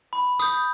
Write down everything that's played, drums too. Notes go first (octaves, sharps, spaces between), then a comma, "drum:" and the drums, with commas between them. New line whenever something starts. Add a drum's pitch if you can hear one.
B5
D#6 G6, drum: tambourine